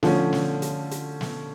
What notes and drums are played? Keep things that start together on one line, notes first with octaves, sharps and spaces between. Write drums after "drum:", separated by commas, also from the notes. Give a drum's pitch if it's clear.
D3 F3 A3 C#4, drum: snare
drum: snare
drum: hi-hat
drum: hi-hat
drum: snare